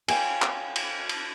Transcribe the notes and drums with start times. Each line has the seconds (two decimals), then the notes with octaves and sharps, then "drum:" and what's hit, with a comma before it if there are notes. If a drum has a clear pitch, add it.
0.08 C#5 F5 G5 G#5, drum: cymbal
0.42 drum: clap
0.76 drum: cymbal
1.09 drum: cymbal